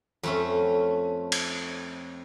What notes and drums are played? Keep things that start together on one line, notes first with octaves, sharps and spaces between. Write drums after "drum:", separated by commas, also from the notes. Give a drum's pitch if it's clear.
F2 A3 C#4
drum: cymbal